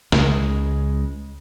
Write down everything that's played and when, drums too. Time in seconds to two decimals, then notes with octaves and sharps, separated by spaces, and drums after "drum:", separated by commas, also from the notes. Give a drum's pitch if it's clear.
0.12 C#2 C#3 G#3, drum: snare